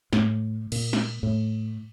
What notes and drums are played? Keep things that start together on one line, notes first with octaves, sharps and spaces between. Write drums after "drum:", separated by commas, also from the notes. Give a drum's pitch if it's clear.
A2, drum: snare
A#2, drum: cymbal
drum: snare
A2